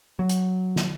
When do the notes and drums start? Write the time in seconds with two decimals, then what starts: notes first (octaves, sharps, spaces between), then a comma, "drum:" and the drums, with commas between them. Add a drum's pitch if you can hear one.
0.19 F#3
0.29 drum: hi-hat
0.76 drum: snare